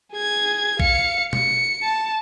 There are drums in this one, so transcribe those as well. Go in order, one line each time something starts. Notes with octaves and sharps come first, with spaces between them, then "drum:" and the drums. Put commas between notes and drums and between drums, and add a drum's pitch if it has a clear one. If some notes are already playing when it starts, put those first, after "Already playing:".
G#4 G#6
F5 C#7, drum: kick A#1
C#7, drum: tom B2
A5